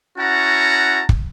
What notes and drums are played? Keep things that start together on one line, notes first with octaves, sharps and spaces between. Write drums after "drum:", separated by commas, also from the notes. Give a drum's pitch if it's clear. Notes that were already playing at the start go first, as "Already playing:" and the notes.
C#4 E4 F#4 F#5 A5 A#5
drum: kick